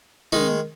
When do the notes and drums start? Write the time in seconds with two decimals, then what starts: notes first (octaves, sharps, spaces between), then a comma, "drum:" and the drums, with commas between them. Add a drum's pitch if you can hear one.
0.32 D#3 G#3 D#4, drum: tom